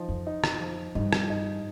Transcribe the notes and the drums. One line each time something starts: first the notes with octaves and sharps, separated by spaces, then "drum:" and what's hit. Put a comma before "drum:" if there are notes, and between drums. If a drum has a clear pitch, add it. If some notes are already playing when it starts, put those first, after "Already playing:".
Already playing: F3 D#4
F2
D#4
drum: rim click
F3
G2 D#4
drum: rim click
D#4